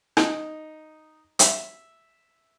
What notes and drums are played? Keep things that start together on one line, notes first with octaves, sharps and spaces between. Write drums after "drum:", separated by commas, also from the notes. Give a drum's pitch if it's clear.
D#4, drum: rim click
E5, drum: hi-hat